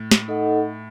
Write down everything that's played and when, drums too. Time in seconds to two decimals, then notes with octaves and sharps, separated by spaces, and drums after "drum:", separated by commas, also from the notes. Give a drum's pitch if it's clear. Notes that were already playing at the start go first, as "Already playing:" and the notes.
Already playing: A2
0.11 drum: snare
0.28 D#4 A4 D#5 F#5